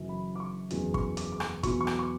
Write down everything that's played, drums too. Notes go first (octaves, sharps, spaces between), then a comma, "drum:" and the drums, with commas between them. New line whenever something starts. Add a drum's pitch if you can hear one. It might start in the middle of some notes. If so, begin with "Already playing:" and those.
Already playing: F#1 F#2 E3
B5
D6
C#6
F#1 E2 C#3 F#3, drum: hi-hat
C#6, drum: kick
D6, drum: hi-hat
D6
C#6, drum: rim click
E2 B2 F#3 C#6, drum: kick, hi-hat
C#6
D6, drum: rim click
C#6